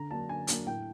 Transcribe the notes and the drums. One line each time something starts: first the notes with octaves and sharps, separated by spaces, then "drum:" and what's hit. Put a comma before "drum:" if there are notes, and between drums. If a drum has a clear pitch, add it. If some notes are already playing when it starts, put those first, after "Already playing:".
Already playing: D3 A#5
F#3 A#3 D4 A5
D3 G#5
F#3 A#3 D4, drum: hi-hat
A2 G5